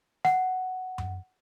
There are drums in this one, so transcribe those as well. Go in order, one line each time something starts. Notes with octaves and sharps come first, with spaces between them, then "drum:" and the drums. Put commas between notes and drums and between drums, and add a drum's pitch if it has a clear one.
F#5, drum: snare
drum: tom F#2